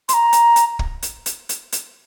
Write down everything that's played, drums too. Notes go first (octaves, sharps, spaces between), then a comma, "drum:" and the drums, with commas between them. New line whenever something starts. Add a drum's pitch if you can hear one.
C6, drum: hi-hat
A#5
drum: hi-hat
drum: hi-hat
drum: kick
drum: hi-hat
drum: hi-hat
drum: hi-hat
drum: hi-hat